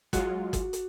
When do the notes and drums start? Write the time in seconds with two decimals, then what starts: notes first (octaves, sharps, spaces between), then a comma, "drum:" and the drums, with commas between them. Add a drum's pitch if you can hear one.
0.13 F#3 G#3 F4 F#4, drum: kick, hi-hat
0.53 drum: kick, hi-hat
0.73 drum: hi-hat